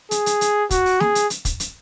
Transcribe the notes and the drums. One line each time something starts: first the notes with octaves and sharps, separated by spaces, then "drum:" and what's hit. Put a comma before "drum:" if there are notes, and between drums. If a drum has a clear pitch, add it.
G#4, drum: hi-hat
drum: hi-hat
drum: hi-hat
F#4, drum: kick, hi-hat
drum: open hi-hat
G#4, drum: snare
drum: hi-hat
drum: hi-hat
drum: kick, hi-hat
drum: hi-hat